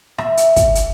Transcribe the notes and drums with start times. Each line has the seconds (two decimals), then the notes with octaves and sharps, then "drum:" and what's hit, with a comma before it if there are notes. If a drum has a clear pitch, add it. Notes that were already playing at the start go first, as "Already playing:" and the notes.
0.18 E5, drum: rim click
0.37 drum: hi-hat
0.56 drum: kick, hi-hat
0.75 drum: hi-hat